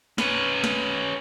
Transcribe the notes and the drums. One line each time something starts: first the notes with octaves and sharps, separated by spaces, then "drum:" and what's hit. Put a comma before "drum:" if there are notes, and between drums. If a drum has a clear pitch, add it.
C#4 B4, drum: snare
drum: snare